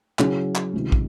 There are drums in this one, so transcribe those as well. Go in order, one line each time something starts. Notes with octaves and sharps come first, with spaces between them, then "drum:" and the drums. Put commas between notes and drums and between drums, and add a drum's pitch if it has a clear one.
C#3 F#3 C#4 E4 G#4, drum: clap
drum: clap
C#2 C3 D#3
drum: kick